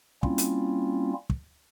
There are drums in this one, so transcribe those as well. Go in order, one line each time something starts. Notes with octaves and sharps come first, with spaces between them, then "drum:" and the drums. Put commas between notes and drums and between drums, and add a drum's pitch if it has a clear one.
G3 A#3 C4 C#4 E4 F4, drum: kick
drum: hi-hat
drum: kick